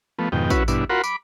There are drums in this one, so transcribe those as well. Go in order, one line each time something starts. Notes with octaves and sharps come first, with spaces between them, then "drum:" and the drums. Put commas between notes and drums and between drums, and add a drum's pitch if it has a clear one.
F3 A3 B3
F2 G#2 B2 D#3 G5
C#4 E4 F#4 B4, drum: kick, tambourine
G2 B2 D4 E4, drum: tambourine
F4 F#4 A#4 F#5 B5 C6
B5 D6, drum: tambourine